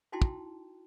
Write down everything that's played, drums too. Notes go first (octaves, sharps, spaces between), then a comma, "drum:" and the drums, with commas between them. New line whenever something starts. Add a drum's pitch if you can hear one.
D#4 E4 F#4 G5 A5 C6
drum: kick